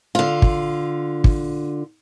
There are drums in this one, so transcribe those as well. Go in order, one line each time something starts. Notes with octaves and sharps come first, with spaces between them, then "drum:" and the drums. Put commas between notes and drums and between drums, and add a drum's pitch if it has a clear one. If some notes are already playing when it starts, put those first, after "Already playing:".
D3 F4
drum: kick
drum: kick